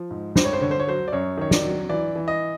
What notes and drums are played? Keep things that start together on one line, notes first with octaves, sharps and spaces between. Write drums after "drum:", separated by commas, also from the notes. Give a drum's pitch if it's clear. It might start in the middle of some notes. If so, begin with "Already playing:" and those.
Already playing: F3
G#2
G2 C5, drum: snare
C#5
C5
D3 C#5
C5
C#5
F#3 C5
D5
F#2 C#5
D#3 C#5
D5, drum: snare
F#3
E3 D5
E3
D#5